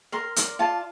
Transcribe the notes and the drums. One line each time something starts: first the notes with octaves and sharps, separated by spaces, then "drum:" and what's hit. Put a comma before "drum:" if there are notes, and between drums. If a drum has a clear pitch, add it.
A#4 C6
D5 C6, drum: hi-hat
F4 A5